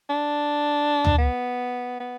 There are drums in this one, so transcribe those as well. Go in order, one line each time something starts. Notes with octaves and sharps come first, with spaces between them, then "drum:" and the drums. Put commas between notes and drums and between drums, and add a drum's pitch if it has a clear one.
D4
drum: tom
B3
B3